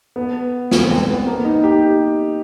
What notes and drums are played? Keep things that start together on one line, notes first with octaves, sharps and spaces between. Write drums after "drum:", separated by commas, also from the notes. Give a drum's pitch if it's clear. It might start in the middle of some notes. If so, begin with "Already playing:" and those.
B3
B3, drum: snare
C4
B3, drum: tom G#3
B3
A#3
D#4
G4